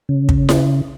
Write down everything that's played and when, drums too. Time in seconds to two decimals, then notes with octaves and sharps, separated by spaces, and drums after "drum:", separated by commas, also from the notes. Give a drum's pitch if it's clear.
0.09 C#3
0.29 drum: kick
0.49 drum: snare E4